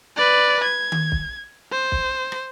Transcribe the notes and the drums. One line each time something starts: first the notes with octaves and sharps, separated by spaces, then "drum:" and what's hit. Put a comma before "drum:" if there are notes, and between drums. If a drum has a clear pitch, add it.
B4 D5
G#6
drum: tom D#3
drum: kick B1
C5
drum: kick B1
drum: rim click